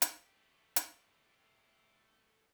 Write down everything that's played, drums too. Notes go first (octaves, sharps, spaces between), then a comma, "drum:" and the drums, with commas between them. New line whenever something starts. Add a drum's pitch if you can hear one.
A3 G4, drum: hi-hat
drum: hi-hat